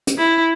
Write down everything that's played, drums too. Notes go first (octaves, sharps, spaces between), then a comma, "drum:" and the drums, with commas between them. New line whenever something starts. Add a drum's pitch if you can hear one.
drum: hi-hat
E4